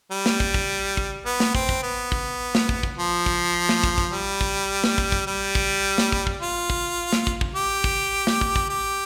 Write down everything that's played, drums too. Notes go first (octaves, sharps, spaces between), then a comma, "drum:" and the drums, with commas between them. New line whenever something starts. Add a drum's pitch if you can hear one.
G3
drum: snare
drum: kick
drum: kick
drum: kick
B3
drum: snare
C4, drum: kick
drum: kick
B3
drum: kick
drum: snare
drum: kick
drum: kick
F3
drum: kick
drum: snare
drum: kick
drum: kick
G3
drum: kick
drum: snare
drum: kick
drum: kick
G3
drum: kick
drum: snare
drum: kick
drum: kick
F4
drum: kick
drum: snare
drum: kick
drum: kick
G4
drum: kick
drum: snare
drum: kick
drum: kick
G4